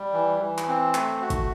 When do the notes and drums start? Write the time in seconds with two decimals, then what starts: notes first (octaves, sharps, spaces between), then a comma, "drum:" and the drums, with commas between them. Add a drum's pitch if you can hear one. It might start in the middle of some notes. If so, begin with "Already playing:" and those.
Already playing: G3
0.13 E3
0.40 E3
0.58 drum: clap
0.68 C4
0.95 A3, drum: clap
1.21 F#4
1.30 drum: kick, hi-hat